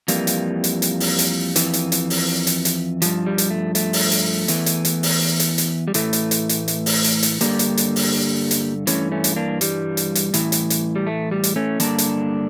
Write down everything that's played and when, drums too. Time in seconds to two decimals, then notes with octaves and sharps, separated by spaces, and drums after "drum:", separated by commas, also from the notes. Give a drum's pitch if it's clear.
0.08 F2 E3 G3 A#3, drum: hi-hat
0.27 drum: hi-hat
0.64 drum: hi-hat
0.82 drum: hi-hat
1.00 drum: open hi-hat
1.19 drum: hi-hat
1.56 F2 E3, drum: hi-hat
1.73 drum: hi-hat
1.92 drum: hi-hat
2.10 drum: open hi-hat
2.47 drum: hi-hat
2.65 drum: hi-hat
3.02 G2 F3, drum: hi-hat
3.26 G3
3.38 drum: hi-hat
3.50 A3
3.75 A3, drum: hi-hat
3.93 drum: open hi-hat
4.11 drum: hi-hat
4.48 E2 E3, drum: hi-hat
4.66 drum: hi-hat
4.85 drum: hi-hat
5.03 drum: open hi-hat
5.40 drum: hi-hat
5.58 drum: hi-hat
5.88 G3
5.94 A2 E3 A3, drum: hi-hat
6.13 drum: hi-hat
6.31 drum: hi-hat
6.49 drum: hi-hat
6.68 drum: hi-hat
6.86 drum: open hi-hat
7.04 drum: hi-hat
7.23 drum: hi-hat
7.41 G2 D3 F3 G3 A#3, drum: hi-hat
7.59 drum: hi-hat
7.77 drum: hi-hat
7.96 drum: open hi-hat
8.51 drum: hi-hat
8.87 G2 E3 A3 C#4, drum: hi-hat
9.12 A3 C#4
9.24 drum: hi-hat
9.36 A#3 D4
9.61 G3, drum: hi-hat
9.97 drum: hi-hat
10.15 drum: hi-hat
10.34 A2 E3, drum: hi-hat
10.52 drum: hi-hat
10.70 drum: hi-hat
10.95 G3
11.07 A3
11.31 G3
11.44 drum: hi-hat
11.56 A3 C#4
11.80 G2 D3 F3 A#3 D4, drum: hi-hat
11.98 drum: hi-hat